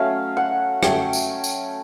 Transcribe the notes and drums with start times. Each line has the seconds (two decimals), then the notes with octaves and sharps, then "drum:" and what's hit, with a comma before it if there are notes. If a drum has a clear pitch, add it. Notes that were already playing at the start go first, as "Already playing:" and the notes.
Already playing: F#3 A3 C#4 F5
0.37 F#5
0.83 F#3 A3 C#4 G5, drum: rim click
1.13 drum: tambourine
1.44 drum: tambourine